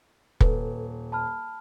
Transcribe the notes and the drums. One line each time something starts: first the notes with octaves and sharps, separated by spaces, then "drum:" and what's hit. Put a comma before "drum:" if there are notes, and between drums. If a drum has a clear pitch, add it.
D#1 A4 B4, drum: kick
A5 B5 F6